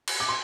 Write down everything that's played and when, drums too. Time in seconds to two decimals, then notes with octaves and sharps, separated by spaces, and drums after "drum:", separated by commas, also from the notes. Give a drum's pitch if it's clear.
0.07 drum: cymbal
0.20 D6
0.29 C6